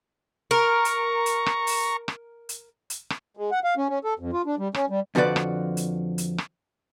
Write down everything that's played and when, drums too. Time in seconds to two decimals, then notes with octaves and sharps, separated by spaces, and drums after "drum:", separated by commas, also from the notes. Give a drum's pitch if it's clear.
0.51 A#4 A#5 C#6
0.85 drum: hi-hat
1.26 drum: hi-hat
1.46 drum: rim click
1.67 drum: open hi-hat
2.08 drum: rim click
2.49 drum: hi-hat
2.90 drum: hi-hat
3.10 drum: rim click
3.37 G#3
3.51 F#5
3.64 F5
3.77 C#4
3.89 C#4
4.04 A4
4.19 F2
4.33 F4
4.46 D4
4.59 G3
4.74 C#4, drum: rim click
4.90 G3
5.15 F2 D3 F3 F#4 B4 D5
5.36 drum: rim click
5.77 drum: hi-hat
6.18 drum: hi-hat
6.38 drum: rim click